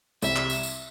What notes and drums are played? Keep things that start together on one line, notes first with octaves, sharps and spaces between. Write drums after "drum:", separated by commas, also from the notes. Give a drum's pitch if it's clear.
C2 C3 G3 E5, drum: tambourine
drum: clap
drum: tambourine
drum: tambourine